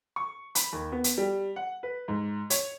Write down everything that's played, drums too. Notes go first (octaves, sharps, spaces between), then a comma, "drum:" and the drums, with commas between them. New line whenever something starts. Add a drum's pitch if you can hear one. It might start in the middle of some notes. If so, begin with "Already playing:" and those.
C#6
B5, drum: hi-hat
D#2
B3
drum: hi-hat
G3
F#5
B4
G#2
C#5, drum: hi-hat